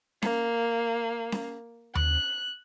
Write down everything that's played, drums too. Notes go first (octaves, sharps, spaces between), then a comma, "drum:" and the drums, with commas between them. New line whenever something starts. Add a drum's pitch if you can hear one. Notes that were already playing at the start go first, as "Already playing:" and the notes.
A#3, drum: snare C#4
drum: snare C#4
F#6, drum: tom D#2